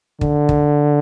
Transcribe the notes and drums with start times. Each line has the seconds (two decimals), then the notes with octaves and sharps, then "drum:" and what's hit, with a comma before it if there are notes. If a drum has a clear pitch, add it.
0.21 D3, drum: kick
0.49 drum: kick